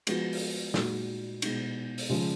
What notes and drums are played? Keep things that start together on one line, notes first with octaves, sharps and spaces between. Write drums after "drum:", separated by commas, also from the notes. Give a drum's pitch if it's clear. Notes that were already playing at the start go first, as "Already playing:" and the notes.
F3 G#3 B3 F#4, drum: cymbal
drum: open hi-hat
A#2 G#3 D#4 F#4, drum: snare
B2 G#3 D#4, drum: cymbal
drum: open hi-hat
C#3 F3 G#3